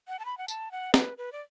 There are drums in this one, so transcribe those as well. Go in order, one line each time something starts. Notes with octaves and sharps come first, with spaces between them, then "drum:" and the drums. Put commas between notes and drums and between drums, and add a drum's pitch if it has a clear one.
F#5
A5
B5
F#5
A5, drum: tambourine
F#5
B4, drum: snare
B4
D5